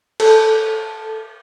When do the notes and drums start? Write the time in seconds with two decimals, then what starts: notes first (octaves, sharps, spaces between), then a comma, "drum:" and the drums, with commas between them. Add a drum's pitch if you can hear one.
0.20 A4, drum: cymbal